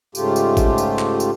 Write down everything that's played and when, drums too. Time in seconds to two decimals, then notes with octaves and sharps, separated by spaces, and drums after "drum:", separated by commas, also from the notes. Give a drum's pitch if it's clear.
0.15 G#2 C#3 A3 F4 G4, drum: tambourine
0.36 drum: tambourine
0.57 drum: kick G#1, tambourine
0.78 drum: tambourine
0.99 drum: clap
1.20 drum: tambourine